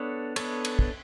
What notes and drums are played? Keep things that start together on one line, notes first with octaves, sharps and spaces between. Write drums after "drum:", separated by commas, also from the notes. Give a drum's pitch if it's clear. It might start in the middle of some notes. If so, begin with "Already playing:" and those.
Already playing: B3 D4 A4 C#5
B3 D4 A4 C#5, drum: cymbal
drum: cymbal
drum: kick